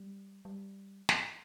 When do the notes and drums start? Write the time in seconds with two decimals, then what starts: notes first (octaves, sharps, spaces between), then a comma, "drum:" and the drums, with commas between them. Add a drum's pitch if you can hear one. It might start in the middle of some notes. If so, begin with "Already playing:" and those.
Already playing: G3
0.45 G3
1.09 drum: snare